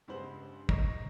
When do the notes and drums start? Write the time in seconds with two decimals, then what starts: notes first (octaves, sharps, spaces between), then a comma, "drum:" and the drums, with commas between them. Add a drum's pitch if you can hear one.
0.08 C#2 G2 B3 C5 F#7
0.69 D#5 A#5 C#6 A#6 B6, drum: kick